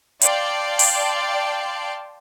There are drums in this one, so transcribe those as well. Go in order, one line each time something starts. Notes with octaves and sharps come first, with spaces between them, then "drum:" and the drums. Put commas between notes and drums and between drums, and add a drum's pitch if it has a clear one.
D5 F5 G5 A5 C6, drum: hi-hat
drum: open hi-hat